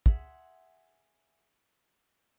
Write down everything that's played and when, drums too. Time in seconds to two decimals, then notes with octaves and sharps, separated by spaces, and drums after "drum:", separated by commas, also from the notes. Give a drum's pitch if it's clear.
0.06 G#4 E5 F#5 C6, drum: kick